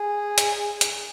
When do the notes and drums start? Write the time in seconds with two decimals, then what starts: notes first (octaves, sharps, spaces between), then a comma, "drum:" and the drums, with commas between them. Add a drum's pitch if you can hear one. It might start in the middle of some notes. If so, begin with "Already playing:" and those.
Already playing: G#4
0.38 drum: hi-hat
0.81 drum: hi-hat